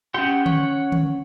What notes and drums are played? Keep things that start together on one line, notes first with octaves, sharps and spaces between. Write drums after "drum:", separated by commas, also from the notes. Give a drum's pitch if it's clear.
C#4 G4 F#5 C6
C#5 F#5, drum: tom D3
drum: tom D3